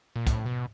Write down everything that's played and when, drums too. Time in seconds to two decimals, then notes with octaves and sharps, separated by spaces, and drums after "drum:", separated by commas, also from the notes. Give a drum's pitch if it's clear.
0.16 A#2
0.27 A2, drum: kick, hi-hat
0.46 B2